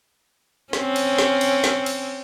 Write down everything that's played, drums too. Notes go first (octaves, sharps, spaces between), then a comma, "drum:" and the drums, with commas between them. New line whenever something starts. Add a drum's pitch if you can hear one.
C4 C#4, drum: snare
drum: cymbal
drum: snare
drum: cymbal
drum: snare
drum: cymbal